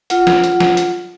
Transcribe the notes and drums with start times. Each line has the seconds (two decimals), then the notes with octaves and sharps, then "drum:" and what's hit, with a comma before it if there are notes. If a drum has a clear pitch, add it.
0.10 F4 F#5, drum: hi-hat
0.27 drum: snare
0.44 drum: hi-hat
0.60 drum: snare
0.77 drum: hi-hat